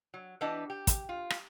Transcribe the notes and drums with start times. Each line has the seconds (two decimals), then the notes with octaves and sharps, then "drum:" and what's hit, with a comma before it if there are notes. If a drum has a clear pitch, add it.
0.14 F#3
0.41 E3 B3 D4 G4 D#5 A5
0.70 G4
0.87 drum: kick, hi-hat
1.09 F4
1.30 drum: rim click